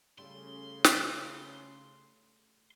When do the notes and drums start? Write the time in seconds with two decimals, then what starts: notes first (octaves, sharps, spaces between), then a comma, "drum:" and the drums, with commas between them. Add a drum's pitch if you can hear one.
0.18 C#3 G3 A3 C#4 E4 C6
0.84 drum: snare